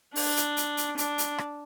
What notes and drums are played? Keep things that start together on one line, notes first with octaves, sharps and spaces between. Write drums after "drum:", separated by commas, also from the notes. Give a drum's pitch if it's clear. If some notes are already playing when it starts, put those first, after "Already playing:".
D4, drum: open hi-hat
drum: hi-hat
drum: hi-hat
drum: hi-hat
D4, drum: hi-hat
drum: hi-hat
drum: rim click